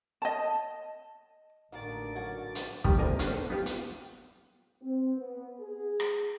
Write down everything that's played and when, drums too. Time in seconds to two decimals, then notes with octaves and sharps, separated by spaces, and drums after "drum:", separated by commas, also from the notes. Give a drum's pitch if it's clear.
0.22 D#5 A5
1.72 A1 D3 D#3 A#3 F#4 A4 D5
2.15 F#3 C#4 F#4
2.55 drum: hi-hat
2.84 D#3 F3 G3 B3 G4, drum: kick
2.98 D2 A#3 D5 D#5 G#5 A#5
3.19 C#4 D4 F#4 G#4 B4 C5, drum: hi-hat
3.33 A4
3.50 B3 D#4 F4 G4
3.66 F#5, drum: hi-hat
4.82 C4
5.17 B3
5.60 G#4
6.00 drum: rim click